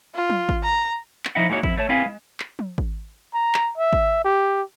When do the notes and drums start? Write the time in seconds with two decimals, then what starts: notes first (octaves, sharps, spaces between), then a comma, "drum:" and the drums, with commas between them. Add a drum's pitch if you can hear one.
0.15 F4
0.30 drum: tom F3
0.49 drum: kick G#1
0.63 A#5
1.25 drum: clap
1.35 F3 D#4 E4 D#5 E5 F#5
1.49 G#3 A#3 D#4 E4 F#4 C#5
1.63 F2 E4, drum: kick G#1
1.77 A3 C#5 A5
1.89 C4 E4 G#4 B4 F5 G#5
2.06 G#3
2.40 drum: clap
2.59 drum: tom F3
2.78 drum: kick G#1
3.34 A#5
3.54 drum: clap
3.78 E5
3.93 drum: kick G#1
4.25 G4